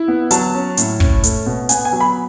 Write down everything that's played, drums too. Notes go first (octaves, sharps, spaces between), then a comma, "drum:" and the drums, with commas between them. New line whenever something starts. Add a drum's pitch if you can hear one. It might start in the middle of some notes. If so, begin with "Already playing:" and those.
Already playing: E4
B3
F#3 A5, drum: hi-hat
C#4
A2, drum: hi-hat
C#4, drum: kick
A3, drum: hi-hat
B2
B3 G#5, drum: hi-hat
G#5
F#3
B5